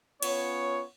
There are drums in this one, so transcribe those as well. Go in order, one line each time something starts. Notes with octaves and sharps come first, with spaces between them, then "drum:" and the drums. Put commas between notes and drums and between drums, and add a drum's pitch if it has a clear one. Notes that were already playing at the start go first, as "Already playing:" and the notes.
B3 C#4 F4 C#5, drum: cymbal